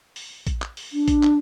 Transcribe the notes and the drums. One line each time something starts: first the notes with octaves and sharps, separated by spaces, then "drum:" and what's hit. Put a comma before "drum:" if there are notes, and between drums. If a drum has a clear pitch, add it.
drum: open hi-hat
drum: kick A#1, hi-hat
drum: clap
drum: open hi-hat
D4
drum: kick A#1, hi-hat
drum: clap